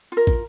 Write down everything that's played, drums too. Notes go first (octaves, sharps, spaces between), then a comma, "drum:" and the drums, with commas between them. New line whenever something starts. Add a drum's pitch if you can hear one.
F4 A#4
drum: kick